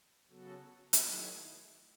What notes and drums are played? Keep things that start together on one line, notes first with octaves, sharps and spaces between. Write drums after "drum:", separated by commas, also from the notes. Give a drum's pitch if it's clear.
C#3 F#3 B3 F#4 A4
drum: hi-hat
D#3 F#3 A3 E4 G#4